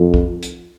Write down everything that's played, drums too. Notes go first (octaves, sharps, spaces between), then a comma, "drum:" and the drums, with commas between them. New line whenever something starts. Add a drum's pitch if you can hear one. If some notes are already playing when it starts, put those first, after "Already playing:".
Already playing: F2
drum: kick
drum: hi-hat